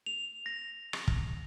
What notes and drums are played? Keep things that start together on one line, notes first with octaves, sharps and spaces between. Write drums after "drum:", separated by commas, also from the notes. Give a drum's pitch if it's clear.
F7
A#6
drum: rim click
drum: kick